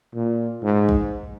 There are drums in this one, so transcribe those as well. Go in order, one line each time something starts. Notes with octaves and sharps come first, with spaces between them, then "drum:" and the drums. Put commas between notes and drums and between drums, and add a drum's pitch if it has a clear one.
A#2
G#2
drum: kick